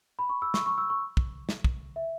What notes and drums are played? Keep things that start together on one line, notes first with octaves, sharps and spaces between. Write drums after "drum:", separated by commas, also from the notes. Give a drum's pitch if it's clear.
B5
C#6
E6
C#6, drum: snare
C#6
E6
C#6
drum: kick
drum: snare
drum: kick
E5